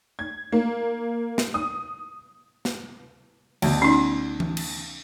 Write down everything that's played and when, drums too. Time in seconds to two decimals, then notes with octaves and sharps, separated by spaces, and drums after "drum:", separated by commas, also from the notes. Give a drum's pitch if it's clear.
0.19 G#6
0.52 A#3
1.38 drum: snare
1.54 D#6
2.65 drum: snare
3.62 D2 B2, drum: cymbal
3.82 C#4 D#4
4.40 drum: tom E3
4.57 drum: cymbal